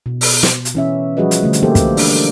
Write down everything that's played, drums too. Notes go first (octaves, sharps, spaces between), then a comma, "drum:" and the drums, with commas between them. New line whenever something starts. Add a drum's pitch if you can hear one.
B2
drum: open hi-hat
drum: snare
drum: hi-hat
E3 C#4 E5
F3 G3 F#4 G#4 B4 D#5
drum: hi-hat
D3 A3
drum: hi-hat
E3 A#3 G4 A4 C5
drum: kick, hi-hat
D4, drum: open hi-hat